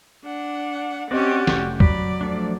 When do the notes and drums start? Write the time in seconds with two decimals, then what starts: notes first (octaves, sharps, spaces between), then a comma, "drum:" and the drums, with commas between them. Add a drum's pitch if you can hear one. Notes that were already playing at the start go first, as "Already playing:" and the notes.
0.24 D4 F#5
1.11 C4 C#4 F#4 G4 D5 D#5
1.47 F1 G6, drum: snare
1.80 F#3 D5 B5, drum: kick C#2
2.21 F3 A3 D4